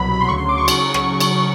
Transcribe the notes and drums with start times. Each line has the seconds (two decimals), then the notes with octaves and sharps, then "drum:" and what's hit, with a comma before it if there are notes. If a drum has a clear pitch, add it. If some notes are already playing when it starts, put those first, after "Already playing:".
Already playing: C2 B2 F#3 B5
0.13 B5
0.21 C6
0.28 D2 C#3 F#3 C#6
0.38 C6
0.49 D6
0.58 C#6
0.68 C#3 F#3, drum: cymbal
0.94 drum: rim click
1.20 drum: cymbal